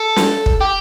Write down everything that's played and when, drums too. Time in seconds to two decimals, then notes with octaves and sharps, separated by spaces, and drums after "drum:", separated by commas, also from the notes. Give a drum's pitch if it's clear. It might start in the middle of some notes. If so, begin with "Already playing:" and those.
Already playing: A4
0.16 drum: snare
0.46 drum: kick
0.61 G4